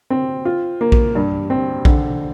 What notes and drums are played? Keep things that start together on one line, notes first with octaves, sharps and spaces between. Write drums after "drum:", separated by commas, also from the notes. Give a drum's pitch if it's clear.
C4
F4
A#3
drum: kick A#1
G2
C4
D3, drum: kick A#1